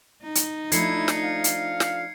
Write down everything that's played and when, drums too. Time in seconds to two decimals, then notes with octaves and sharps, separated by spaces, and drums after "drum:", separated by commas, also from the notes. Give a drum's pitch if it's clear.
0.23 D#4
0.35 drum: hi-hat
0.72 F3 A3 D4 E4 G#6 C7 C#7, drum: hi-hat
1.08 drum: snare
1.24 F5
1.44 drum: hi-hat
1.80 drum: snare